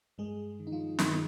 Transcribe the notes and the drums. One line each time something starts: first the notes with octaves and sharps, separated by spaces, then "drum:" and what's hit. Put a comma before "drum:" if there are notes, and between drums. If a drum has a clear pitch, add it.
G2 G#3 G#4
D#3
D#4
F3 F4
G2 D#3 D#4, drum: snare